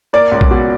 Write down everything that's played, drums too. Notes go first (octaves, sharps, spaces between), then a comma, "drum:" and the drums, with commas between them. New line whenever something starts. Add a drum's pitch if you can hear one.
A#3 D5
C#2
drum: kick A#1
B2